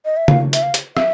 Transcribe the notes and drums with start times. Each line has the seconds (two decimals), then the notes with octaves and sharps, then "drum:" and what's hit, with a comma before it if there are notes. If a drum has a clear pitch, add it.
0.05 D#5
0.17 E5
0.28 F5, drum: tom C#3
0.53 E5, drum: hi-hat
0.62 F5
0.74 drum: hi-hat
0.97 E5, drum: rim click